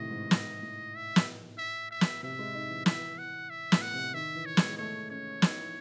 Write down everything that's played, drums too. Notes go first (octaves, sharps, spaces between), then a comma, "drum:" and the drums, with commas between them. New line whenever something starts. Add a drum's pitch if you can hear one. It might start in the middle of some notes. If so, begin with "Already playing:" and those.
Already playing: A2 C3 D#3 E3 D#5
G#2
G#2, drum: snare
A2
E5
drum: snare
E5
E5
drum: snare
C3 E5
G#3
D#4
E3
E3 E5, drum: snare
F#5
E5
A2, drum: snare
F#5
C3
D#3 E5
E3
C#5
G#3, drum: snare
A3 C#5
C#4 C#5
D#4, drum: snare
E4